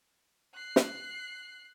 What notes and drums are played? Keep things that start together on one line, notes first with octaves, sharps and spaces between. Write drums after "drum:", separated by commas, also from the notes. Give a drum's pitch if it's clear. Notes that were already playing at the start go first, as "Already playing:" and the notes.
F#6 C7
drum: snare